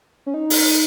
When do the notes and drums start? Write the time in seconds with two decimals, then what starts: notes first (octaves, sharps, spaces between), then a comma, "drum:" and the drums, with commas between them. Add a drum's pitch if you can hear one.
0.26 C#4
0.34 D#4
0.50 drum: open hi-hat